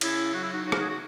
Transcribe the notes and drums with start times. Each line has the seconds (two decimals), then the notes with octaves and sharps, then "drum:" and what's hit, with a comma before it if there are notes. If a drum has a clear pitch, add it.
0.01 C#3 C#4 E4, drum: cymbal
0.33 F#3 F#4
0.43 E4
0.52 D#4 F#4
0.65 C#3 D#4 F#4
0.72 A#4, drum: rim click
0.80 G#4
0.89 F#4